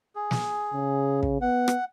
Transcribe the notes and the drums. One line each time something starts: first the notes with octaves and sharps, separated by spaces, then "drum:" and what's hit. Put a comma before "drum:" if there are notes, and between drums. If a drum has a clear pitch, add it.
G#4
drum: snare
C#3
drum: kick
B3 F#5
drum: rim click